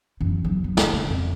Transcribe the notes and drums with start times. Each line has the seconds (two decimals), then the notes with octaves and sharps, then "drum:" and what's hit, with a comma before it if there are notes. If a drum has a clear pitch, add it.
0.21 F#2 E3
0.45 D#2 F#3
0.64 B3
0.77 D3, drum: snare
0.93 C#3
1.10 F2